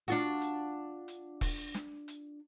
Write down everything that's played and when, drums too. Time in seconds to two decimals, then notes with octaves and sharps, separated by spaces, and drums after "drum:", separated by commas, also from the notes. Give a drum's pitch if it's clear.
0.08 D4 F4 F#4, drum: hi-hat
0.41 drum: hi-hat
1.08 drum: hi-hat
1.41 drum: kick E1, open hi-hat
1.74 drum: snare
2.08 drum: hi-hat